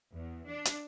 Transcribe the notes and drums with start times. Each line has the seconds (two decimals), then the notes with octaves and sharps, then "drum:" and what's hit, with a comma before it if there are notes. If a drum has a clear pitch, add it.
0.13 E2
0.47 D4
0.65 drum: hi-hat